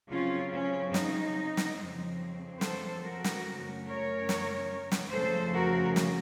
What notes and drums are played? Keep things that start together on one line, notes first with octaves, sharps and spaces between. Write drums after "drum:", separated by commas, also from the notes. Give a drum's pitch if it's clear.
C#3 F#3 C4 C#4 F4
C#4
D#4, drum: snare
drum: snare
F2 C#3 F3 C4
A4 C5, drum: snare
F#4 A#4
drum: snare
F#2 C#3 A3 C#4
A#4 C#5
drum: snare
drum: snare
F2 C#3 F3 A3 A4 C5
F#4 A#4
drum: snare